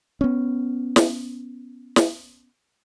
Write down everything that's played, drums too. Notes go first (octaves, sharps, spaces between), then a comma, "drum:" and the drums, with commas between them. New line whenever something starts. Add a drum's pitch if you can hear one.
B3 C#4
drum: snare
drum: snare